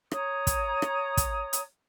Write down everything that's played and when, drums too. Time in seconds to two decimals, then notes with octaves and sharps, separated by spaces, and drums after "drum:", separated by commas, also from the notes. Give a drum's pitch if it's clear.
0.11 C#5 A#5 D#6, drum: rim click
0.47 drum: kick, hi-hat
0.82 drum: rim click
1.17 drum: kick, hi-hat
1.53 drum: hi-hat